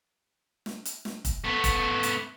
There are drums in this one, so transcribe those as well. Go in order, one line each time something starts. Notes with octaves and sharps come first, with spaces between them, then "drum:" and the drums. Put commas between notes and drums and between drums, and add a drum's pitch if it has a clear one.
drum: snare
drum: hi-hat
drum: snare
drum: kick, hi-hat
A3 B3
drum: kick, hi-hat
drum: hi-hat